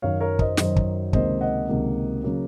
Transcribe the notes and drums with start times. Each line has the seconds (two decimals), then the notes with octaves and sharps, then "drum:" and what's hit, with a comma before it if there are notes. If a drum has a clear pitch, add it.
0.02 F#2 D#3 F#3 C#5 F5
0.20 A#4 C#5
0.39 C5 D#5, drum: kick
0.57 F#2 D#3 F#3 C5 D#5, drum: snare
0.76 drum: kick
1.13 C#2 C3 D#3 A#3 C5 D#5, drum: kick
1.41 D#5 F#5
1.69 C#2 C3 D#3 A#3
2.24 C#3 F#3 A#3